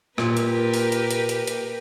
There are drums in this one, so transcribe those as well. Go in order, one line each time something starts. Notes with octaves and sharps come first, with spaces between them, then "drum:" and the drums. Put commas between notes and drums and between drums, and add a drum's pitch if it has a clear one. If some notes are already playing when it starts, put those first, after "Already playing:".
A#2 G4 A#4 B4, drum: rim click
drum: hi-hat
drum: open hi-hat
drum: hi-hat
drum: hi-hat
drum: hi-hat
drum: hi-hat